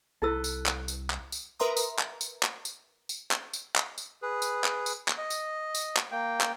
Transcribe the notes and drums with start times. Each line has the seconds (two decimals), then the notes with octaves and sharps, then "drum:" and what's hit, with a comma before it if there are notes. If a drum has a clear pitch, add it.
0.22 C2 D#4 E4 A4 B4 E6
0.44 drum: tambourine
0.66 drum: clap
0.88 drum: tambourine
1.10 drum: clap
1.32 drum: tambourine
1.60 A#4 B4 E5 A#5 C6 D#6
1.77 drum: tambourine
1.99 drum: clap
2.21 drum: tambourine
2.43 drum: clap
2.65 drum: tambourine
3.09 drum: tambourine
3.31 drum: clap
3.53 drum: tambourine
3.76 drum: clap
3.98 drum: tambourine
4.22 G#4 B4
4.42 drum: tambourine
4.64 drum: clap
4.86 drum: tambourine
5.08 drum: clap
5.18 D#5
5.30 drum: tambourine
5.75 drum: tambourine
5.97 drum: clap
6.11 A#3 G5
6.41 drum: clap